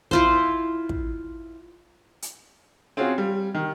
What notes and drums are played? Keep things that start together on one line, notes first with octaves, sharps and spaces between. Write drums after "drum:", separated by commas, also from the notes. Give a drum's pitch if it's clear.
E4 F4 C5, drum: kick
drum: kick
drum: hi-hat
C4 C#4 F4 F#4 G#4
G3
D#3